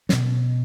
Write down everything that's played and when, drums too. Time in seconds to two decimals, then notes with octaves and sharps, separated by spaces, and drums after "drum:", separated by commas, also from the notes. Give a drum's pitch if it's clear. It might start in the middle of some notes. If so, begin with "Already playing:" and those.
0.09 B2 B3, drum: snare